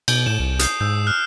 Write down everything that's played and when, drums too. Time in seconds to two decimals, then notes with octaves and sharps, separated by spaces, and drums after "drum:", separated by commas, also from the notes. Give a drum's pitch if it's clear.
0.08 B2 G6, drum: cymbal
0.26 A2 G6 E7
0.40 C2
0.59 D#6 G6 C7, drum: hi-hat
0.81 G#2 D#6 E6 G6
1.07 F6 F#6